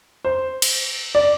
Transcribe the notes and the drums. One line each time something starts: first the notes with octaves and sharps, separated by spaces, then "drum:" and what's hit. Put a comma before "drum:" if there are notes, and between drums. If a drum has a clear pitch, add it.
C5
drum: cymbal
D5